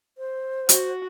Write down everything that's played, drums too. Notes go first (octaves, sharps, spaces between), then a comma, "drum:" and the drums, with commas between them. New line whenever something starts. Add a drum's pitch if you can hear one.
C5
F#4, drum: hi-hat